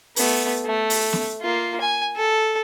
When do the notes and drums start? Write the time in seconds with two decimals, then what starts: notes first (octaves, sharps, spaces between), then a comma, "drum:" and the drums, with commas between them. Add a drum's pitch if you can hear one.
0.16 A3 B3, drum: open hi-hat
0.66 A3
0.90 drum: open hi-hat
1.13 drum: snare B3
1.42 A#3 F4
1.81 G#5
2.17 A4